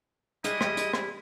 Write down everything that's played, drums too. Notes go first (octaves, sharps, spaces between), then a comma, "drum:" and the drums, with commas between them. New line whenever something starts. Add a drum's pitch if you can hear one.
G3 G#3 E4 D#5, drum: hi-hat
drum: rim click
drum: hi-hat
drum: rim click